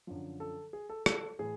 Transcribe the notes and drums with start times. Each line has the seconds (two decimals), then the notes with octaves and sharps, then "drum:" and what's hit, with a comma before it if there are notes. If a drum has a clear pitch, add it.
0.07 F#2 D3 F3
0.40 A4
0.73 G#4
0.89 A4
1.06 A4, drum: rim click
1.39 A2 E3 G#4